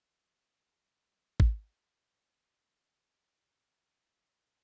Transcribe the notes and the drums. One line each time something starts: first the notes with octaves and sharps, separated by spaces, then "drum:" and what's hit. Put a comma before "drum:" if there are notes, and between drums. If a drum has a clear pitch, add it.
F#3
F#3
G3
drum: kick G#1
E3
D#3
D3